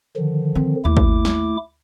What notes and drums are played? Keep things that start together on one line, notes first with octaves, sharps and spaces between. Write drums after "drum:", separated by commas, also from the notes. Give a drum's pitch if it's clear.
D3 D#3 F3
C4
D#2 A3 E4 D6
drum: kick
drum: snare